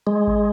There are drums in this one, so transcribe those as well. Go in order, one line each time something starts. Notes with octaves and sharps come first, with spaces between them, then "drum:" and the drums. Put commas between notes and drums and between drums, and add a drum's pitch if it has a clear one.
G#3
drum: kick G#1